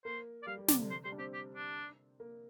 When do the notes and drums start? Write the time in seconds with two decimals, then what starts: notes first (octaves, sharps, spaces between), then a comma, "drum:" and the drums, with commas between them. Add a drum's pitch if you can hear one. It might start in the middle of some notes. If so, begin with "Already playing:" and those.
0.05 A#3 C5
0.43 D5
0.47 G3 F5
0.58 G3
0.68 C3 D5, drum: snare
0.79 D3
0.91 C5
1.04 G3 C5
1.12 D4
1.18 C4 G4
1.34 G4
1.55 D4
2.20 A#3